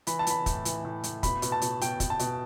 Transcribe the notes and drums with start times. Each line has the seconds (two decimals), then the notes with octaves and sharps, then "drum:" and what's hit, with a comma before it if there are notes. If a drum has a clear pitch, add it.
0.07 E3 B5, drum: hi-hat
0.19 A5
0.27 E3 B5, drum: hi-hat
0.46 A2, drum: kick, hi-hat
0.65 E3, drum: hi-hat
0.85 A2
1.04 A2, drum: hi-hat
1.23 B2 B5, drum: kick, hi-hat
1.42 B2, drum: hi-hat
1.52 A5
1.62 B2, drum: hi-hat
1.81 B2 G5, drum: hi-hat
2.00 B2, drum: kick, hi-hat
2.10 A5
2.19 B2, drum: hi-hat